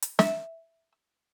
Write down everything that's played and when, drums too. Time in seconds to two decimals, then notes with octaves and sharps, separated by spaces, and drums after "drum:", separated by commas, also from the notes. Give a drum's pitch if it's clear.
0.02 drum: hi-hat
0.19 E5, drum: snare